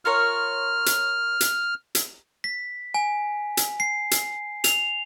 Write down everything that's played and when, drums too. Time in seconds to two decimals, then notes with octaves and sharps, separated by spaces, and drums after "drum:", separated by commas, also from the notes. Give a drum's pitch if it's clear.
0.05 F4 A#4 C#5 F6
0.86 drum: hi-hat
1.40 drum: hi-hat
1.95 drum: hi-hat
2.44 B6
2.94 G#5
3.57 drum: hi-hat
3.80 C7
4.11 drum: hi-hat
4.64 F7, drum: hi-hat